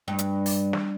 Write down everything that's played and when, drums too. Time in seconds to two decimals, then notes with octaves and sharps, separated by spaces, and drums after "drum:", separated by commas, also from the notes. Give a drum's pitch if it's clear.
0.08 G2
0.19 drum: hi-hat
0.46 drum: open hi-hat
0.73 drum: snare